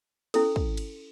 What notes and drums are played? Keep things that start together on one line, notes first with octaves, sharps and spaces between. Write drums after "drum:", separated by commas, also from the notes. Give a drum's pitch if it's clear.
C#4 E4 A4, drum: cymbal
drum: kick
drum: cymbal